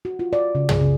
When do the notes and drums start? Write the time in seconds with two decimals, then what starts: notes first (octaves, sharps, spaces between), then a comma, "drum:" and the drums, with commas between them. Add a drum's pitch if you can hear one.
0.05 F#4
0.19 F4
0.33 D5
0.55 C#3
0.69 G#4, drum: tom
0.81 C#3